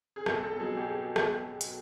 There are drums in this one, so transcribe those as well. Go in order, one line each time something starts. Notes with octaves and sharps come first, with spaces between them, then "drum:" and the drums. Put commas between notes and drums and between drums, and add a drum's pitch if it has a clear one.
G#4
B1 A4, drum: rim click
A4
A4
B2 F#3 G#4
G4
drum: rim click
drum: hi-hat